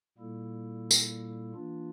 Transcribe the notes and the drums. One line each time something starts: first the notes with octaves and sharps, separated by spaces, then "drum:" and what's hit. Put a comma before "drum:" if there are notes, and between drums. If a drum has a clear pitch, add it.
A#2 G3 A#3 E4 A4
drum: tambourine
E3 A#3 D4 F4